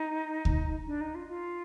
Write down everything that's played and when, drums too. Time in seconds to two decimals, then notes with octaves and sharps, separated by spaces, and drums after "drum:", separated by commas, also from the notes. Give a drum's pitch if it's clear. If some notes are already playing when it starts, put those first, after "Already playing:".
Already playing: D#4
0.45 drum: kick D2
0.87 D4
1.01 D#4
1.15 F4
1.29 F4